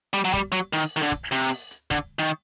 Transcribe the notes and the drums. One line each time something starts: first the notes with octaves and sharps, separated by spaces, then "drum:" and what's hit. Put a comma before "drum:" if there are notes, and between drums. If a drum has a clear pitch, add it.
G3, drum: hi-hat
F#3
G3, drum: kick, hi-hat
F#3, drum: hi-hat
D#3, drum: open hi-hat
D#3
D3
drum: kick, hi-hat
C3, drum: hi-hat
drum: open hi-hat
drum: hi-hat
D3, drum: kick, hi-hat
D#3